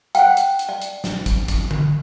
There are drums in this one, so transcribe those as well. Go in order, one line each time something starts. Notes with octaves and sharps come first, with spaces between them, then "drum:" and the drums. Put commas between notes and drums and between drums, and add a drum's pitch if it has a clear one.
C5 F#5 G5, drum: hi-hat
drum: hi-hat
drum: hi-hat
D5
drum: hi-hat
drum: snare
drum: kick, hi-hat
drum: kick, hi-hat
drum: tom D3